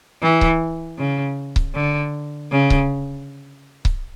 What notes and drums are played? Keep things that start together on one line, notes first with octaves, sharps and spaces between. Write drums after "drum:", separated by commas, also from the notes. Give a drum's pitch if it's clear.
E3
drum: kick C#1
C#3
drum: kick C#1
D3
C#3
drum: kick C#1
drum: kick C#1